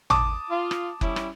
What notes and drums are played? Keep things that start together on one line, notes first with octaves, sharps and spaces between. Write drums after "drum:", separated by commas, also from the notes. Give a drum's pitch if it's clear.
A5 D6 D#6, drum: tom
F4
drum: rim click
G3 C#4 E4, drum: kick F#1
drum: rim click